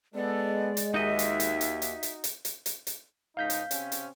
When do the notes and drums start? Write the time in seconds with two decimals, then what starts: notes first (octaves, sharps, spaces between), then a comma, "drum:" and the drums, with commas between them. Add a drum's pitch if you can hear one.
0.15 G#3 B3 A4 D5
0.77 drum: hi-hat
0.94 D#2 D#4 F#4 D#5 E5
1.19 drum: hi-hat
1.40 drum: hi-hat
1.61 drum: hi-hat
1.82 drum: hi-hat
2.03 drum: hi-hat
2.24 drum: hi-hat
2.45 drum: hi-hat
2.66 drum: hi-hat
2.87 drum: hi-hat
3.37 C#2 G#2 D#4 F5 G6 B6
3.50 drum: hi-hat
3.71 C3 C4 C#4, drum: hi-hat
3.92 drum: hi-hat